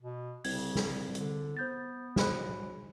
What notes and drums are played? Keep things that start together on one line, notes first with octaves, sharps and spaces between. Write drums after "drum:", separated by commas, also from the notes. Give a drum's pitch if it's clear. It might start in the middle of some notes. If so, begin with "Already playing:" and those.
B2
C2 C#3 G#6, drum: open hi-hat
drum: snare
D3, drum: hi-hat
B3 C5 G6 A6
F#3 C5 B5 F#6, drum: snare